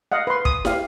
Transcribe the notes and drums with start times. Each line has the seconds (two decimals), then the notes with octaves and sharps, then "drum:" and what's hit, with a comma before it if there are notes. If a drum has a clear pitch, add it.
0.12 D#5 F5 F#5
0.27 B4 C6
0.45 D#6, drum: kick
0.65 G4 F5, drum: snare